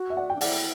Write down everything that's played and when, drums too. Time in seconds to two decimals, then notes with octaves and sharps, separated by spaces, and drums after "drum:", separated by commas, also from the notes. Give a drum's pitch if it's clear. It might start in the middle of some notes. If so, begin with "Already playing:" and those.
Already playing: F#4
0.10 E5
0.17 D5 F#5
0.30 G5
0.36 D4
0.41 E4 D5 F#5, drum: open hi-hat